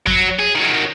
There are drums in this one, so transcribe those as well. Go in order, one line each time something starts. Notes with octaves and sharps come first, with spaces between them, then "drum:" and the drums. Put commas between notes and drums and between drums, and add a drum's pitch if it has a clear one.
F#3, drum: kick F2
G#4
D#3 F#3